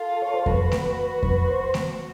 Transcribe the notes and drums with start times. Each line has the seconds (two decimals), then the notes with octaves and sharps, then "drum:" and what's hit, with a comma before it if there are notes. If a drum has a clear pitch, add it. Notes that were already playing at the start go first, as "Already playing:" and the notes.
Already playing: F4 A4
0.22 C#5
0.34 C5
0.46 F#4 B4, drum: kick F2
0.72 drum: snare A3
1.23 B4, drum: kick F2
1.48 C5
1.74 drum: snare A3